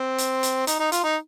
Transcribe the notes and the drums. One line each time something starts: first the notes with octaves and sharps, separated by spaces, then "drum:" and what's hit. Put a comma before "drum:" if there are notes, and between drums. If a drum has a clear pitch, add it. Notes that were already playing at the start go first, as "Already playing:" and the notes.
Already playing: C4
drum: hi-hat
drum: hi-hat
D#4, drum: hi-hat
D#4
F4, drum: hi-hat
D#4